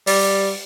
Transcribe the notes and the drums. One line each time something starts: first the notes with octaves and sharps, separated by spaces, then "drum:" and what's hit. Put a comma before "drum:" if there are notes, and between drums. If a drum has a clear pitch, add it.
G3, drum: open hi-hat